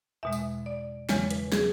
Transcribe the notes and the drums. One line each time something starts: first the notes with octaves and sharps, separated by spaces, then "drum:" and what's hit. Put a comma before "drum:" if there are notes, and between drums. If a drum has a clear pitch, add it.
E2 B2 G#3 E5
drum: tambourine
D5
E2 C#3 E3 G#3 C#5, drum: snare
B4, drum: hi-hat
G#4, drum: snare